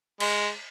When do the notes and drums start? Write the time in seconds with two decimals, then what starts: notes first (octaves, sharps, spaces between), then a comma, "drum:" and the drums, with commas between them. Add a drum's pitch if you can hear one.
0.20 G#3, drum: cymbal